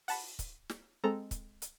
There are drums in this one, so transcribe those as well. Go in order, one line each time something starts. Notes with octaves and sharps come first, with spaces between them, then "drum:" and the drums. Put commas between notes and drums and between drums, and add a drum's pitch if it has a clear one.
F#5 A5 B5, drum: open hi-hat
drum: kick, hi-hat
drum: snare
G#3 C4 A4 A#5
drum: kick, hi-hat
drum: hi-hat